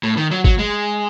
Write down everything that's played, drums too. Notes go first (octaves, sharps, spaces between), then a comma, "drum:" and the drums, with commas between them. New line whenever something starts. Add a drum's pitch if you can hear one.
A2
D#3
F#3
F#3, drum: kick
G#3